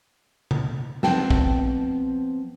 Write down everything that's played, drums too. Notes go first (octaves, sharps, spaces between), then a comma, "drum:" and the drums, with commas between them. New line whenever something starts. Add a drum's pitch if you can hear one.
drum: tom C3
F3 B3 C4 G5 A5, drum: snare
drum: kick